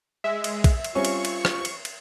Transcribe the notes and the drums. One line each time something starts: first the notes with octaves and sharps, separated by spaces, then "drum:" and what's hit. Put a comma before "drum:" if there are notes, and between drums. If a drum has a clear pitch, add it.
G#3 E5
drum: cymbal
drum: kick, cymbal
drum: cymbal
G3 C4 C#4 F4 C#6
drum: cymbal
drum: cymbal
drum: rim click
drum: cymbal
drum: cymbal